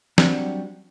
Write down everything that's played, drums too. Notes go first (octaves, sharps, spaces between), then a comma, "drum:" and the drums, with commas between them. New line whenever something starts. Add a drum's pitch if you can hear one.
F#3 G3 C4 D4 F#4, drum: snare